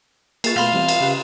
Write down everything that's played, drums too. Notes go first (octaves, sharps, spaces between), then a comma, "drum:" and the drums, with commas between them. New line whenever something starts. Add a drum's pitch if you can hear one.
A#3 G#4 C#6 A6 C7, drum: cymbal
B2 A3 F5 B5 C6 G7
E3 G3 C4
drum: cymbal
C#3 G4 F#6